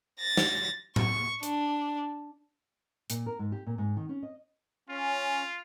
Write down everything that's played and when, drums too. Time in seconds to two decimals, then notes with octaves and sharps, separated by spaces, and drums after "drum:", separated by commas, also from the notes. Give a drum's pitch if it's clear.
0.20 A6 A#6
0.37 drum: snare
0.96 C#6, drum: tom A2
1.43 D4, drum: hi-hat
3.10 A#2, drum: hi-hat
3.26 A#4
3.39 G#2
3.52 G4
3.66 A#2
3.78 G#2
3.97 D#3
4.09 C#4
4.23 D#5
4.89 C#4 F4